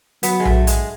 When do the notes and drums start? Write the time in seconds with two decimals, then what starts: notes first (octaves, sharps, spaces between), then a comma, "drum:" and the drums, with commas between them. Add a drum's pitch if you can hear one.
0.23 F#3 B3, drum: hi-hat
0.40 G#3
0.45 A3, drum: tom A#1
0.67 G#3, drum: hi-hat